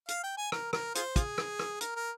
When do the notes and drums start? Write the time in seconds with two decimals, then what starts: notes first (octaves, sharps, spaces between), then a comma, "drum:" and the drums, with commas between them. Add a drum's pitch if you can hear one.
0.08 F5, drum: hi-hat
0.23 G5
0.37 G#5
0.52 A#4, drum: rim click
0.73 A#4, drum: rim click
0.95 F4 G#4 C5, drum: hi-hat
1.16 F4 G#4, drum: kick, hi-hat
1.38 drum: rim click
1.59 drum: rim click
1.81 A#4, drum: hi-hat
1.96 A#4